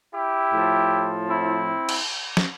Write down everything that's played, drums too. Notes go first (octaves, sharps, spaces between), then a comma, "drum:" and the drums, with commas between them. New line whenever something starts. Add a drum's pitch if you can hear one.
E4 G4
A2 F3
C4 E4
drum: cymbal
drum: snare